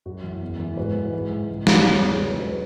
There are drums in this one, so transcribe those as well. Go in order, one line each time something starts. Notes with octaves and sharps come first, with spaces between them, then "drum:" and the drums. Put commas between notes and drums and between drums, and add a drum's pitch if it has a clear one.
F#2 F#4
E3
E2
E3
G#2 F#4 B4
E3
G#2
E3
C#2
B2 F#3, drum: snare
E2 G#4 C#5
C#3 E3 G#4 C#5
G#4
C#2 F#4 B4
B2 F#3 F#4 B4
B4